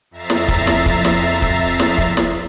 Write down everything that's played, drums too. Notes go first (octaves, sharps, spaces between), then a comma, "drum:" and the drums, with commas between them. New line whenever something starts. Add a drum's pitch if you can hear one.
F2 E5 A#5 A6 C7
drum: snare
drum: kick
drum: snare
drum: kick
drum: snare
drum: kick
drum: snare
drum: kick
drum: snare